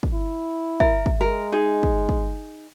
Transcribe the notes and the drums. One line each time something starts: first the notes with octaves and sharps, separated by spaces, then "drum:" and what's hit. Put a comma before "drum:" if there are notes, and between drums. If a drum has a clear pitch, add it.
drum: kick
E4
A#4 E5, drum: kick
drum: kick
G#3 A#4
D#4 G#4
drum: kick
drum: kick